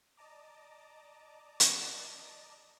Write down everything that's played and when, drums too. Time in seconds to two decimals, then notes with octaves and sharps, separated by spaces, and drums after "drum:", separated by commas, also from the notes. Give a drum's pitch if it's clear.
0.17 D5 D#5 A5 A#5 D6
1.60 drum: hi-hat